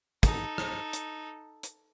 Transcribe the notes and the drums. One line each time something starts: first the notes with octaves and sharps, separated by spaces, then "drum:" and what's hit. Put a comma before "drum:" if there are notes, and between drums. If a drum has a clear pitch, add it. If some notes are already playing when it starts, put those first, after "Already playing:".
D#4 A4, drum: kick, hi-hat
drum: rim click
drum: hi-hat
drum: hi-hat